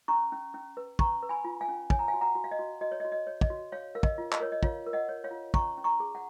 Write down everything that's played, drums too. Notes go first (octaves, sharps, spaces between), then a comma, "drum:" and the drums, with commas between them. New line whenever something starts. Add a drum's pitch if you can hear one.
C#4 A#5 C#6
C#4
C#4
B4
C#4 A#5 C#6, drum: kick
B4
G#5 B5
F4
F5 G#5
C#4
C#5 G#5, drum: kick
A#5
F5 G#5
F#4
F#5 A#5
F#4
F5
D#5
F#4
F#4 D#5
C#5
D#5
F#4
D#5
C#5
D#5, drum: kick
F#4
C#5 F5
A#4 F5
D#5, drum: kick
F4
D#5, drum: clap
A#4 C#5
D#5
F4 C#5 F5, drum: kick
A#4
D#5 F#5
C#5
C#5 F5
F4
C#4 A#5 C#6, drum: kick
C#4
A#5 C#6
G#4
F#5